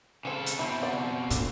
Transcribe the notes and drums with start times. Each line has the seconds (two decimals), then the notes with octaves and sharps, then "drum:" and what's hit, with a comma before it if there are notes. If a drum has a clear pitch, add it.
0.25 C#3 G#3 C4 A4
0.46 drum: hi-hat
0.59 B2 C4 E4
0.83 D5 F#5
1.30 A#2 D3, drum: hi-hat